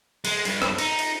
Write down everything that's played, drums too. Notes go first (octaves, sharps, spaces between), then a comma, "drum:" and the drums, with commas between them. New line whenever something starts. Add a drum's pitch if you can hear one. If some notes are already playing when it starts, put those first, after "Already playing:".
G#3, drum: cymbal
G2, drum: cymbal
drum: rim click
D#4, drum: cymbal
drum: cymbal